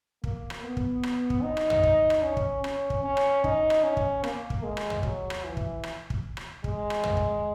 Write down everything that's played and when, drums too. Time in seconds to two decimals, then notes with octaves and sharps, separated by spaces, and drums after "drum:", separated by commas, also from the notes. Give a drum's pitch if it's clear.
0.24 A#3, drum: kick
0.50 drum: rim click
0.63 B3
0.77 drum: kick
1.03 drum: rim click
1.30 drum: kick
1.43 D#4
1.57 drum: rim click
1.70 drum: tom
1.83 drum: kick
2.10 drum: rim click
2.23 C#4
2.37 drum: kick
2.64 C#4, drum: rim click
2.90 drum: kick
3.04 C#4
3.17 drum: rim click
3.44 D#4, drum: kick
3.70 drum: rim click
3.84 C#4
3.97 drum: kick
4.24 A#3, drum: rim click
4.50 drum: kick
4.63 G#3
4.77 drum: rim click
4.90 drum: tom
5.03 F#3, drum: kick
5.30 drum: rim click
5.44 E3
5.57 drum: kick
5.83 drum: rim click
6.10 drum: kick
6.37 drum: rim click
6.64 G#3, drum: kick
6.90 drum: rim click
7.03 drum: tom
7.17 drum: kick